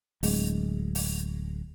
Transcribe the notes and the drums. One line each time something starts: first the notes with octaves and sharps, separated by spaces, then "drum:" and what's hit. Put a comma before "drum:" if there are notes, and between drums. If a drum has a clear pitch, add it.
D1 G#3, drum: open hi-hat
drum: open hi-hat